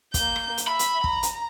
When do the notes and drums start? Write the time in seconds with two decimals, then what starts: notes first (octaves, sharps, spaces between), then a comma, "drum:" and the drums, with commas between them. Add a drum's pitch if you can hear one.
0.14 A#3 G6, drum: kick, hi-hat
0.36 drum: rim click
0.57 drum: hi-hat
0.68 E5 B5
0.79 drum: hi-hat
1.04 A#5, drum: kick
1.23 drum: hi-hat